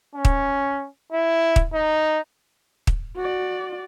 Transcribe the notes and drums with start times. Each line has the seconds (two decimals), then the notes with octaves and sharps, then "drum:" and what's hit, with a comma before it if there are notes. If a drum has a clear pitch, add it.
0.15 C#4
0.25 drum: kick
1.12 E4
1.56 drum: kick
1.74 D#4
2.87 drum: kick
3.16 F#4 D5